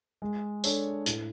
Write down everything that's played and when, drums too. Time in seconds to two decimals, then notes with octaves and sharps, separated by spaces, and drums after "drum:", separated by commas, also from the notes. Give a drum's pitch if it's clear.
0.22 G#3
0.64 D4 A4 C#5, drum: tambourine
1.06 A2, drum: hi-hat